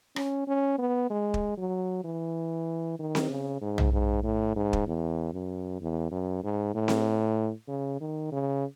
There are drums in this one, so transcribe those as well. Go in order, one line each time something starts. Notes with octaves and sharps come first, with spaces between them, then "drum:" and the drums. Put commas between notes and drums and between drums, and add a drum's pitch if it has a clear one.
C#4, drum: rim click
C#4
B3
G#3
drum: kick
F#3
E3
D#3
drum: snare C4
C#3
G#2
drum: tom
G#2
A2
G#2
drum: kick
E2
F#2
E2
F#2
G#2
A2
drum: snare C4
C#3
D#3
C#3